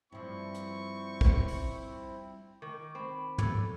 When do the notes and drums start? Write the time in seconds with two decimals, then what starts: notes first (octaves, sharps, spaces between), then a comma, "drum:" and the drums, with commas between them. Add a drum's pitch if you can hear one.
0.12 G2 F3 C4 E4 C#6
0.54 drum: hi-hat
1.21 drum: kick
1.48 drum: open hi-hat
2.62 D#3 C#6 D6
2.95 C4 B5
3.38 A4 C#5 D5, drum: tom